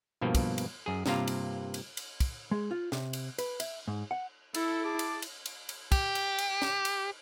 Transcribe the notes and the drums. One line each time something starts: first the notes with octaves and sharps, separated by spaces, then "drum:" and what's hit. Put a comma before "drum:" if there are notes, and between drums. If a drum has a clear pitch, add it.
G2 B2 F3 A#3
drum: kick, cymbal
drum: cymbal
F#2 G#4
G2 C3 A#3 F4 A#4, drum: snare
drum: cymbal
drum: cymbal
drum: cymbal
drum: kick, cymbal
G#3
F4
C3, drum: snare
drum: cymbal
B4, drum: cymbal
E5, drum: cymbal
G#2
F#5
E4 A4, drum: cymbal
G#4 A5 D6
drum: cymbal
drum: cymbal
drum: cymbal
drum: cymbal
G4, drum: kick, cymbal
drum: cymbal
drum: cymbal
drum: snare
drum: cymbal